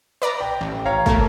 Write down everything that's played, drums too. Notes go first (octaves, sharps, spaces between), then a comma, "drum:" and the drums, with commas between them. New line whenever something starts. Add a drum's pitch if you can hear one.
B4 D5 A#5
G5
A1
C#5 F5 A#5
A3 A#3, drum: kick